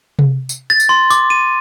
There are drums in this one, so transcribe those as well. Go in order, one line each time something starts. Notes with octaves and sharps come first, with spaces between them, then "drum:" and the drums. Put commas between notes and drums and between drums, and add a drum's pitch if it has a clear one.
drum: tom C3
drum: tambourine
A6
drum: tambourine
C6
D6, drum: tambourine
D#7